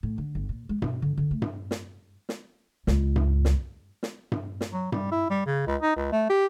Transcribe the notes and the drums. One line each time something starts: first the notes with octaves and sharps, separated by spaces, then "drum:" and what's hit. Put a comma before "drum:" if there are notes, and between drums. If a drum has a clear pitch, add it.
A2
D3
G1
A#2
G#3
B2, drum: tom G2
D3
D3
A3
drum: tom G2
drum: snare
drum: snare
C#2, drum: snare
drum: tom G2
drum: snare
drum: snare
drum: tom G2
drum: snare
F#3
G3, drum: tom G2
E4
G3
C#3
C#2
D#4
C#2
A3
G4